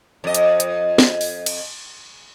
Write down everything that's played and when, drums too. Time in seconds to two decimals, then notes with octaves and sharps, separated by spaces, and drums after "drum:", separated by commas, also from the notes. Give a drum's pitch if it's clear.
0.24 F2 D#5
0.34 drum: hi-hat
0.60 drum: hi-hat
0.98 drum: snare
1.21 drum: open hi-hat
1.46 drum: cymbal